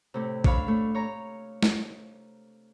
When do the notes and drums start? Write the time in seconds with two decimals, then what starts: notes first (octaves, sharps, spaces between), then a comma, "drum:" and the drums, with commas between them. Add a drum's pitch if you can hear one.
0.14 A2 C3
0.44 D4 C#5 F5 B5, drum: kick
0.68 A3
0.95 C#5 A#5
1.63 drum: snare